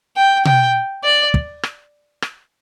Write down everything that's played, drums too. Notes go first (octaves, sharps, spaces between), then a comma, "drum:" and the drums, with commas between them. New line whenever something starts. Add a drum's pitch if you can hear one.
G5
G5, drum: tom B2
D5
drum: kick
drum: rim click
drum: rim click